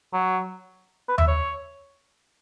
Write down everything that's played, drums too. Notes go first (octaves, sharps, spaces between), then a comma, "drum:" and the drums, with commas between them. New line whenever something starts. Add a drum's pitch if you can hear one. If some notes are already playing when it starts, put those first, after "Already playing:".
F#3
B4
E5, drum: tom D#2
C#5